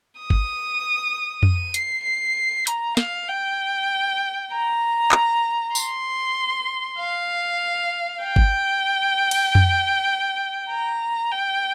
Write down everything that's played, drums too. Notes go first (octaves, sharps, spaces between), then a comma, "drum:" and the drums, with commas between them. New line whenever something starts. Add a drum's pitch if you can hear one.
D#6
drum: kick
D#7, drum: tom F2
C7, drum: hi-hat
C7
A#5, drum: hi-hat
F5, drum: snare
G5
A#5
drum: clap
C6, drum: tambourine
F5
G5
drum: kick
drum: cymbal
drum: tom F2
A#5
G5